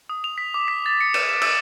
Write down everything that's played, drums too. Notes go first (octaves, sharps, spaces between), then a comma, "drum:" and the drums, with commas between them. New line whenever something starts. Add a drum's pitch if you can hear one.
D#6
F7
B6
D6
B6
A6
C#7
E7, drum: cymbal
E7
E6, drum: cymbal